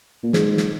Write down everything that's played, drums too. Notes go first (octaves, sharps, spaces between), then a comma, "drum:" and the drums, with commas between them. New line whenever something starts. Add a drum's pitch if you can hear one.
A#2
G#2 G#4, drum: snare
drum: snare